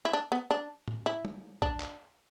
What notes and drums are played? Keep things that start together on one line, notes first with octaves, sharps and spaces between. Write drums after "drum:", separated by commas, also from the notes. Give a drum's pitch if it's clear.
E4
D4
B3
D4
drum: tom A2
E4
drum: tom
D4, drum: kick
drum: clap